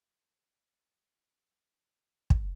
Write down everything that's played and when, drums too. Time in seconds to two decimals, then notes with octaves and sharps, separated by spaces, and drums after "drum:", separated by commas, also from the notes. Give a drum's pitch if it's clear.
0.12 A3
0.30 G#3
0.49 A3
0.75 F#3
0.85 G3
0.96 G#3
1.05 A3
1.19 G#3
1.28 F#3
1.33 G3
1.46 F#3
1.57 G3
1.66 F#3
2.30 drum: kick